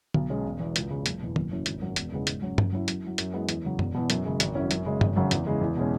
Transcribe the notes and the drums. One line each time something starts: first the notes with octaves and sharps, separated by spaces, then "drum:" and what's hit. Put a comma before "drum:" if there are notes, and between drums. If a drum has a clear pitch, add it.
B1, drum: tom D3
B2 G#3 C#4
E1
E2 E3
C#2, drum: hi-hat
C#3 G#3
F#1, drum: hi-hat
E2 B2
F#1, drum: tom D#3
F#2 E3 C#4
G#1, drum: hi-hat
F#2 F#3 C#4
E1, drum: hi-hat
E2 C#3 G#3 B3
G#2, drum: hi-hat
F#3 C#4
F#2, drum: tom G2
F#3 C#4 E4
F#2, drum: hi-hat
F#3 E4
F#2, drum: hi-hat
E3 G#3 B3
E2, drum: hi-hat
C#3 F#3
E1, drum: tom F#2
E2 B2
F#2, drum: hi-hat
C#3 G#3
G#1, drum: hi-hat
F#2 F#3 C#4 E4
F#2, drum: hi-hat
C#3 G#3
G#1, drum: tom G2
F#2 C#3 F#3
E2, drum: hi-hat
C#3 E3 G#3
E2
B2 G#3 C#4